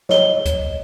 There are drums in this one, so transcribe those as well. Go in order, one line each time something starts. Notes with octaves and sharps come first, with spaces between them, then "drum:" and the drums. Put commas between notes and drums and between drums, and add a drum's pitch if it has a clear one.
C#5 D#5 G7, drum: snare
drum: kick C#2, hi-hat